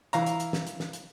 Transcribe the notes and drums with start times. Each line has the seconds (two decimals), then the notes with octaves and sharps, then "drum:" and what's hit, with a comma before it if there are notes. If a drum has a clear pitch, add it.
0.13 E3 F5 A#5, drum: hi-hat
0.26 drum: hi-hat
0.40 drum: hi-hat
0.53 drum: snare
0.67 drum: hi-hat
0.80 drum: snare
0.93 drum: hi-hat